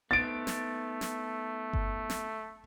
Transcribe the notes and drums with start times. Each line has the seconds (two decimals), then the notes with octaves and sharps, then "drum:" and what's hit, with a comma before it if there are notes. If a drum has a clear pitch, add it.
0.11 A3 B3 C4 D#4 A6 D7
0.47 drum: snare
1.01 drum: snare
1.73 drum: kick G1
2.10 drum: snare